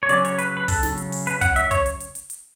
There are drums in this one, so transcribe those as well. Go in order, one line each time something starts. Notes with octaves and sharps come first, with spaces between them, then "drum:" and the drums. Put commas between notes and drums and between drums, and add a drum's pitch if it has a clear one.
C#5
C#3 F#3 C#4 D5, drum: hi-hat
C#5, drum: hi-hat
B4, drum: hi-hat
B4
A4, drum: kick, open hi-hat
drum: snare
drum: hi-hat
drum: open hi-hat
B4, drum: hi-hat
F#5, drum: kick, hi-hat
E5, drum: hi-hat
C#5, drum: kick, hi-hat
drum: hi-hat
drum: hi-hat
drum: hi-hat
drum: hi-hat